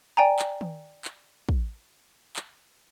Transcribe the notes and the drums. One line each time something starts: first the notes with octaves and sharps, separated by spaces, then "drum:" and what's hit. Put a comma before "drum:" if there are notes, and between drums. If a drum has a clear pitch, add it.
D5 G5 G#5 A#5
drum: clap
drum: tom D#3
drum: clap
drum: kick
drum: clap